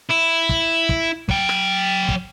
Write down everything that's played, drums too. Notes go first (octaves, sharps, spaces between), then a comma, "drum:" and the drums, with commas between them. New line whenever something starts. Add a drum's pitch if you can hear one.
E4
drum: kick
drum: kick
F#3 G5, drum: kick
drum: rim click
drum: kick